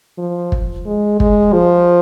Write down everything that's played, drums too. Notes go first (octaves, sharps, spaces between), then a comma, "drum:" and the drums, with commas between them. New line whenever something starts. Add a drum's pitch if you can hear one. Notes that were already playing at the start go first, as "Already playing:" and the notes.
F3
drum: kick
G#3
G#3, drum: kick
F3